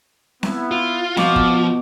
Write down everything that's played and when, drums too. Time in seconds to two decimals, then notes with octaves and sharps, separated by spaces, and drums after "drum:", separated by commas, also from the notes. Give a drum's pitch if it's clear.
0.43 B3 E4, drum: snare C4
0.71 F4
1.17 B2 F3 F5 D6, drum: snare C4
1.36 drum: kick